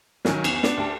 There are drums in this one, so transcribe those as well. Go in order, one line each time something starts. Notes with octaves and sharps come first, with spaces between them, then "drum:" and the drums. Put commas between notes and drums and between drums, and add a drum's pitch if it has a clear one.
B1 D#3 F#3 C#4 G#5, drum: snare
E2, drum: cymbal
B3 D4, drum: snare
D2 G4 A5